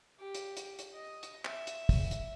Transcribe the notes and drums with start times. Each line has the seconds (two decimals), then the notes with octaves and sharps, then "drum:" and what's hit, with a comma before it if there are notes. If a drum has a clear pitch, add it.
0.19 G4
0.35 drum: hi-hat
0.57 drum: hi-hat
0.79 drum: hi-hat
0.94 D#5
1.23 drum: hi-hat
1.45 E5, drum: clap
1.67 drum: hi-hat
1.89 drum: kick, open hi-hat
2.11 drum: hi-hat